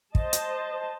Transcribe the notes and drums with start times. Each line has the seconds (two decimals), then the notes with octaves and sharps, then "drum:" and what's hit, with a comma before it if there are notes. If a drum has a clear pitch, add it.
0.15 C5 D#5 A5, drum: kick
0.33 drum: hi-hat